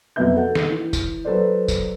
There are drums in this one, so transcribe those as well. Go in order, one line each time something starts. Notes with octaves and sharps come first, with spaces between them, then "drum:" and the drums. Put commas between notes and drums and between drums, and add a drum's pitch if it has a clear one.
F1 B2 F#3 B4 E5 G6
A4 F#5
drum: snare
E3
drum: kick, tambourine
F#3 A4 B4 C5 D5
drum: kick, tambourine